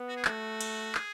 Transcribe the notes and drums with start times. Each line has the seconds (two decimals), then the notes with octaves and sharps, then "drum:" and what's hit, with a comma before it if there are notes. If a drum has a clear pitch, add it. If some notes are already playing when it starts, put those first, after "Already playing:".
Already playing: B3
0.09 F#4
0.17 G#4
0.25 A3 F#4, drum: clap
0.61 drum: cymbal
0.95 G#4, drum: clap